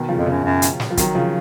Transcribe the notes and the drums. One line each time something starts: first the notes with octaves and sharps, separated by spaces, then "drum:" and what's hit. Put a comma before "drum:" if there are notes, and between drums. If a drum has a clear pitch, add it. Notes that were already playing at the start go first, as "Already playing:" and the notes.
Already playing: B2 D#3
C#3 F3
F2
F#2 C#3 F3
F#2
drum: hi-hat
drum: snare
F3
D#3 F#3, drum: kick, hi-hat
C#3 F3